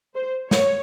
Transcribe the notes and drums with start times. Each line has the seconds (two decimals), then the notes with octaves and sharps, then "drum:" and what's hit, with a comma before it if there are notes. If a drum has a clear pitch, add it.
0.15 C5
0.51 C#5, drum: snare